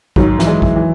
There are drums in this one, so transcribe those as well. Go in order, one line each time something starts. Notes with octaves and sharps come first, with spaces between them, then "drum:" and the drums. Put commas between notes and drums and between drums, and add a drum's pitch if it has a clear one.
G#2 D#3 F#3, drum: kick A1
E3, drum: snare
G#3
E3, drum: kick A1
E3